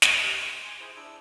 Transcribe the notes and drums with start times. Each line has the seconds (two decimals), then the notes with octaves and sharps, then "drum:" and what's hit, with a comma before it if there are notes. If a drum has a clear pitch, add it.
0.02 drum: snare
0.23 G4
0.40 C6
0.65 G#5 C6
0.80 E4 G#4 C5
0.96 D4 E4 E6